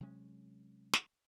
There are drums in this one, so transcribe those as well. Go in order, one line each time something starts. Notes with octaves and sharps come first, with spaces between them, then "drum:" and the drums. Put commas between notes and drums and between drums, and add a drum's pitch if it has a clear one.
C3 F#3 G#3 C#4
drum: snare